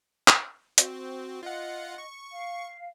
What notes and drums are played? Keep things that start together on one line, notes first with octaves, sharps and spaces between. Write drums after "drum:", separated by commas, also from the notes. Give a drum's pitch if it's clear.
drum: clap
C4 F#4, drum: hi-hat
F4 D#5 F#5
C#6
F5